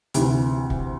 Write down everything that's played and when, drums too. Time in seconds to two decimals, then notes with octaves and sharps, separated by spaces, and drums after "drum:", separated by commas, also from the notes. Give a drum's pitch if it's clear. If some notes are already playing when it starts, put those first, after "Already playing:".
0.14 D2 C3 E3, drum: hi-hat
0.70 drum: kick